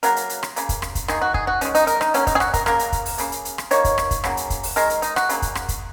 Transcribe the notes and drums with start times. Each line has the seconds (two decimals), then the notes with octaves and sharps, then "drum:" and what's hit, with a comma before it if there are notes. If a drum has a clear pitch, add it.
0.03 C#3 F#3 A#3 A#4, drum: hi-hat
0.16 drum: hi-hat
0.29 drum: hi-hat
0.43 drum: rim click
0.56 C#3 A#3, drum: hi-hat
0.69 drum: kick, hi-hat
0.82 drum: rim click
0.95 drum: kick, hi-hat
1.08 D#3 A#3 G#4, drum: rim click
1.22 F#4
1.34 G#4, drum: kick
1.47 F#4
1.61 D#3 G#3 C#4, drum: hi-hat
1.75 D#4, drum: hi-hat
1.87 A#4, drum: hi-hat
2.01 D#4, drum: rim click
2.14 C#3 F#3 A#3 C#4, drum: hi-hat
2.27 D#4, drum: kick, hi-hat
2.35 G#4
2.40 F#4, drum: rim click
2.54 A#4, drum: kick, hi-hat
2.66 C#3 A#3 A#4, drum: rim click
2.79 drum: hi-hat
2.92 drum: kick, hi-hat
3.06 drum: open hi-hat
3.18 C#3 A#3, drum: hi-hat
3.32 drum: hi-hat
3.45 drum: hi-hat
3.58 drum: rim click
3.71 D#3 A#3 C#5, drum: hi-hat
3.84 drum: kick, hi-hat
3.98 drum: rim click
4.11 drum: kick, hi-hat
4.24 C#3 F#3 A#3, drum: rim click
4.37 drum: hi-hat
4.50 drum: kick, hi-hat
4.63 drum: open hi-hat
4.76 D#3 G#3 A#4, drum: hi-hat
4.90 drum: hi-hat
5.02 D#4, drum: hi-hat
5.16 F#4, drum: rim click
5.29 C#3 F#3 A#3, drum: hi-hat
5.42 drum: kick, hi-hat
5.55 drum: rim click
5.69 drum: kick, hi-hat